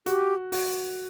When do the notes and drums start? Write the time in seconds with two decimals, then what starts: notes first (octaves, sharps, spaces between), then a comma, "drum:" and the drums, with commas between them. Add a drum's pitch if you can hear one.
0.06 F#4 G4, drum: hi-hat
0.52 F#4, drum: open hi-hat